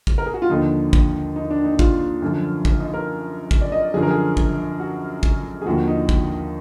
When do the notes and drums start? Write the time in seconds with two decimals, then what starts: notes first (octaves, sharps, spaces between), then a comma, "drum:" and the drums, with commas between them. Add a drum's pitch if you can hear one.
0.07 drum: kick
0.18 A#4
0.26 G#4
0.34 F#4
0.42 F4
0.50 D#2 D3 F3 D#4
0.93 drum: kick
1.36 D#4
1.50 D4
1.64 D#4
1.79 F4, drum: kick
2.22 F#2 D3 F3
2.65 drum: kick
2.80 D#4
2.94 A#4
3.51 drum: kick
3.61 D5
3.72 D#5
3.83 D5
3.94 F#2 D3 F3 G#4
4.03 A#4
4.11 G#4
4.37 drum: kick
4.80 F#4
5.23 drum: kick
5.62 G#4
5.66 D#2 D3 F3 F#4
5.88 D#4
6.09 drum: kick